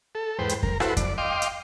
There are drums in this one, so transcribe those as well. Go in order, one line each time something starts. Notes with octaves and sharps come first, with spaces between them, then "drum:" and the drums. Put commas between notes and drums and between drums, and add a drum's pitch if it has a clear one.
A4
E2 G#2 B4 C5 G5
drum: hi-hat
A#4, drum: kick F2
E4 F#4 A4 B4 C5, drum: rim click
D5, drum: kick F2, hi-hat
D#5 F5 G5 C6 D6
drum: hi-hat